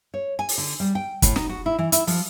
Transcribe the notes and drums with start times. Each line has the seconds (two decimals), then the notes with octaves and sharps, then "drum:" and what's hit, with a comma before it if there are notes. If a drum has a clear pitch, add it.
0.14 C#5
0.39 G#5
0.49 drum: open hi-hat
0.58 D3
0.80 G3
0.95 G5
1.22 A2, drum: kick, hi-hat
1.36 D#4, drum: snare
1.49 F#4
1.66 E4
1.79 E3
1.92 E4, drum: hi-hat
2.07 F3, drum: open hi-hat